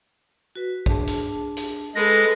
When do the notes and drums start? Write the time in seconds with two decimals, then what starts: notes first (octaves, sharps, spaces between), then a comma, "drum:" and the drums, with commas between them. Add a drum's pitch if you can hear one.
0.56 F#4 B4
0.86 D4 G#4 A5, drum: kick A#1
1.07 drum: hi-hat
1.57 drum: hi-hat
1.95 G#3 G#4 A4 B4 A#6